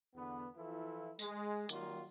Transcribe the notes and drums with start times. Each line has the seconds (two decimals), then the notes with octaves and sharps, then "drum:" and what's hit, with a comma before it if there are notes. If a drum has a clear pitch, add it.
0.14 E2 D3 B3
0.55 E3 F3 E4 F4 A4
1.19 G#3, drum: tambourine
1.69 D#3 F#3 G3 A#3 F4, drum: hi-hat